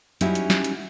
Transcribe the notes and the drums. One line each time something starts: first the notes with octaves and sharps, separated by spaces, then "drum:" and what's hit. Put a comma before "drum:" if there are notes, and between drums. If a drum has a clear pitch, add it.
F#3 G3 C#4 D#4 E4 G4, drum: hi-hat
drum: hi-hat
drum: snare
drum: hi-hat